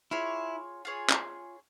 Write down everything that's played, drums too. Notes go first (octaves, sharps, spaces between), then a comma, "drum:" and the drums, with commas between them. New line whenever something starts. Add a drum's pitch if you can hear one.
E4 F4 G#4 C#5
F4 G#4 C#5
drum: clap